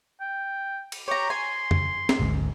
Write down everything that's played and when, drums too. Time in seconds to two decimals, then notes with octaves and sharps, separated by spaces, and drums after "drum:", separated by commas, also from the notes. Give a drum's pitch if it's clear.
0.20 G5
0.92 drum: cymbal
1.08 G4 C#5 A#5
1.30 G#5 C6
1.71 drum: tom F2
2.09 drum: snare
2.20 G#1 D2 G#2